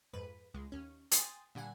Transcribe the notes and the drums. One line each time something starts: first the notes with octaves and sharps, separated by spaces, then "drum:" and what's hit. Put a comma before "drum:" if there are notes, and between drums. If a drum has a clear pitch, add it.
F2 G#2 B4
C#2 G#3
D#2 C#4
G5 G#5 C6 D#6 A6, drum: hi-hat
A#2 D3 G3 F#5 G#5